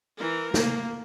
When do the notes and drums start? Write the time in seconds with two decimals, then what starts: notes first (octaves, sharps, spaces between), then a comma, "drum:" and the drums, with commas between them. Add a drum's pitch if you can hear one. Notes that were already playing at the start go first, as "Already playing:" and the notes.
0.17 E3 A#4
0.54 A#3, drum: snare